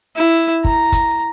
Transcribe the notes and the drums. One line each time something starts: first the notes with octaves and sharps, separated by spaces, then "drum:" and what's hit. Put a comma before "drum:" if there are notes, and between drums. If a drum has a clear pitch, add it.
E4
A#5, drum: kick
drum: kick, hi-hat